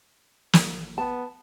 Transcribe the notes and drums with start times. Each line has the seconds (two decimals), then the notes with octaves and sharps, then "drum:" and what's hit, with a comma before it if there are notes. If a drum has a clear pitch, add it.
0.53 drum: snare
0.98 B3 A5